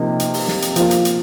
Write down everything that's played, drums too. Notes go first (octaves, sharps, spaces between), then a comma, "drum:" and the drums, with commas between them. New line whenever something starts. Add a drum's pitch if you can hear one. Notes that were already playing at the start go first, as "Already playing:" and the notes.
Already playing: C3 F3 A#3 D#4
drum: hi-hat
drum: open hi-hat
drum: snare
drum: hi-hat
F3 A#3 F4, drum: hi-hat
drum: hi-hat
drum: hi-hat